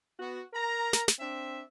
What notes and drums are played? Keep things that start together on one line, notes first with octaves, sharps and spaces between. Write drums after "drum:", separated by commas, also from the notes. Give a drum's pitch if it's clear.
B3 F#4
A#4 A#5
drum: snare
drum: snare
C4 D4 E5